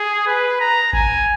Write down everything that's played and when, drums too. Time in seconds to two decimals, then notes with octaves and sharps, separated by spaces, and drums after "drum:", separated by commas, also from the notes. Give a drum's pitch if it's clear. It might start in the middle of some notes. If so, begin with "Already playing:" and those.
Already playing: G#4
0.27 B4
0.60 A#5
0.93 G#5, drum: kick G#1